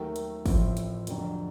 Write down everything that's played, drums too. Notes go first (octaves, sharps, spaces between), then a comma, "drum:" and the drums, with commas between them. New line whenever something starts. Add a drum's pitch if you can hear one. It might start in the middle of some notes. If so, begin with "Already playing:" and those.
Already playing: D#2 D#3 F#3 A3
drum: hi-hat
A1 A2 F3 A3 C4, drum: kick, open hi-hat
drum: hi-hat
F1 F2 D3 F#3, drum: hi-hat